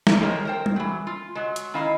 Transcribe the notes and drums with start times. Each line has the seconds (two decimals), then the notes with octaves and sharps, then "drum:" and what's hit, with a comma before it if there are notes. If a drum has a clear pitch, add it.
0.07 drum: snare
0.20 D#3 F3 G#3 A#4 C#5
0.45 A#4 C5 G5
0.66 drum: tom G3
0.76 E3 F#3
1.07 F4
1.35 F#3 G#3
1.56 drum: hi-hat
1.74 D#3 C#4 E4 D#5 F5